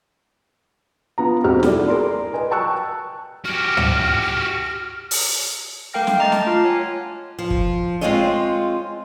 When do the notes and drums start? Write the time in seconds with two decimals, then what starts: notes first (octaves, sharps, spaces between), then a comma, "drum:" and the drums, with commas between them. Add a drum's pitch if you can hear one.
1.18 B3 F4 A#5
1.44 E1 C4 D#4 F#4 G4 F6
1.63 E4 A4 D5, drum: snare
1.88 G#4 A#4 D5 C6
2.34 B4 D#5 G#5
2.51 G5 A5 C#6 E6 F#6
3.45 F#4 G4 F6
3.77 drum: tom
5.11 drum: open hi-hat
5.93 A3 A#4 F5 G5 F6 A#6
6.07 drum: snare
6.19 D#5 A#5 D6 A6
6.32 A5, drum: snare
6.47 F4 D6 F6 C7
6.65 C#5 F#5 G#5
7.39 F3
7.50 drum: kick
8.01 G#3 C4 F4 G#4 C#5 D#5